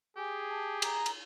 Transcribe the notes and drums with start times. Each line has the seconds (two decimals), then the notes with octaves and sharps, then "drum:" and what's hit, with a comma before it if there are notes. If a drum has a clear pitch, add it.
0.17 G4 G#4 G#5
0.49 A5
0.82 A#5, drum: cymbal
1.06 drum: cymbal